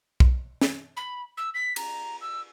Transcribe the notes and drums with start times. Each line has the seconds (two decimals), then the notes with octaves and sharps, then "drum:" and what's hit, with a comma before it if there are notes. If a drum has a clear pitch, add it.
0.20 drum: kick
0.61 drum: snare
0.96 B5
1.37 E6
1.54 B6
1.76 A#5, drum: cymbal
2.21 E6